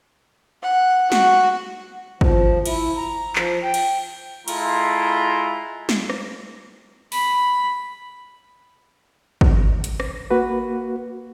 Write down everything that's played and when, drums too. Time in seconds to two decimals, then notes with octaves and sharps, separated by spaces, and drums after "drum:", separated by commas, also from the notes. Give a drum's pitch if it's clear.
0.62 F#5
1.12 F#4, drum: snare
2.21 F3, drum: kick
2.66 E4, drum: cymbal
2.97 A#5
3.36 F3, drum: clap
3.63 G5
3.74 drum: cymbal
4.48 G#3 E4 F4 A4 A#5 C6, drum: cymbal
5.89 drum: snare
6.10 drum: rim click
7.12 B5, drum: open hi-hat
9.41 drum: kick
9.84 drum: hi-hat
10.00 drum: rim click
10.31 A#3 F#4 B4